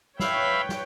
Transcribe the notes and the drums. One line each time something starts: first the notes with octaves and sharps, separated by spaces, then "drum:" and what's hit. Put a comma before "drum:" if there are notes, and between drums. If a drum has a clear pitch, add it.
B4 C#5 E5 F5 G5 B5, drum: snare
drum: snare